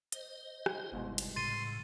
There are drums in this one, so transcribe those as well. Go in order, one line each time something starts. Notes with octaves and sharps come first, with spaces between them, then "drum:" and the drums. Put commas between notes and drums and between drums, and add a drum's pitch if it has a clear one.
C5 D#5, drum: hi-hat
drum: rim click
G1 C2 G#2 B2
drum: cymbal
A2 C#3 C6 A6 D#7